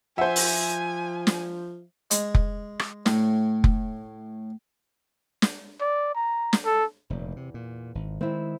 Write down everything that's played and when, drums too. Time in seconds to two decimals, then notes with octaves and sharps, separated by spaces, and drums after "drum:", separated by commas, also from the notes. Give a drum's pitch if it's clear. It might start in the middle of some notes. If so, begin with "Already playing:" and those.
0.18 F3 C5 E5 F#5 G#5
0.36 drum: open hi-hat
1.27 drum: snare
2.11 G#3, drum: hi-hat
2.35 drum: kick F1
2.79 drum: rim click
3.06 A2, drum: snare
3.64 drum: kick F1
5.42 drum: snare
5.81 D5
6.15 A#5
6.53 drum: snare
6.65 A4
7.10 F1 E2 A#2
7.36 C3
7.54 A#2
7.95 G#1
8.21 D#3 G#3 C4 E4